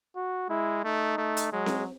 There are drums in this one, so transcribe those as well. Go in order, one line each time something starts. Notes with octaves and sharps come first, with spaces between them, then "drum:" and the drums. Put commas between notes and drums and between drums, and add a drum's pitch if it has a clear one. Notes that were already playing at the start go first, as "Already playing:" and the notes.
F#4
G#3 E4
A3 D#4
A3
drum: hi-hat
F#3 G#3
drum: snare C4